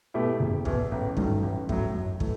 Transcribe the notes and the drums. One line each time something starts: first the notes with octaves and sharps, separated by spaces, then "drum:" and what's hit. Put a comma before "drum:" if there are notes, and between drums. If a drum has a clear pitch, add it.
B2 A3 E4 G4
F#1
E2 B2, drum: kick
A1
G2 D#3 F#3 A3, drum: kick
A1
A2 F#3, drum: kick
F#2
E3 A3, drum: kick